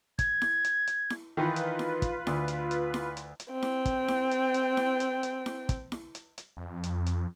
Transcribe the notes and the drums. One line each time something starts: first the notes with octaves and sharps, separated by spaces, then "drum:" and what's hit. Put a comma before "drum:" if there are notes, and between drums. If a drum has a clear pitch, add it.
G#6, drum: kick, hi-hat
drum: snare E4
drum: hi-hat
drum: hi-hat
drum: snare E4
D#3 E3 D#4 F4 B4
drum: hi-hat
drum: snare E4
drum: kick, hi-hat
D2, drum: snare E4
drum: hi-hat
drum: hi-hat
drum: snare E4
drum: hi-hat
drum: hi-hat
C4 G5
drum: snare E4
drum: kick, hi-hat
drum: snare E4
drum: hi-hat
drum: hi-hat
drum: snare E4
drum: hi-hat
drum: hi-hat
drum: snare E4
drum: kick, hi-hat
drum: snare E4
drum: hi-hat
drum: hi-hat
F2
drum: hi-hat
drum: hi-hat